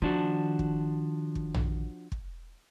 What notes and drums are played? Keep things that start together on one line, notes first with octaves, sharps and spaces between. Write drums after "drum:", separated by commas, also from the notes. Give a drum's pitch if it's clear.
D#3 F3 D4 F#4
drum: kick
drum: kick
drum: tom A#1
drum: kick